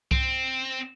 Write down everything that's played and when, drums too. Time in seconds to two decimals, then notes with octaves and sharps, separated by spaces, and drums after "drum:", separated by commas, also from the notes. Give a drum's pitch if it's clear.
0.11 C4, drum: kick C2